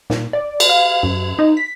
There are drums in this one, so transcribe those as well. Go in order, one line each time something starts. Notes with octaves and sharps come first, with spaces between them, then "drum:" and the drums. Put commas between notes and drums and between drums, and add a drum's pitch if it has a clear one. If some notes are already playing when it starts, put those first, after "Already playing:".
A#2, drum: snare
D5
drum: cymbal
F5
F#2
D#4
B6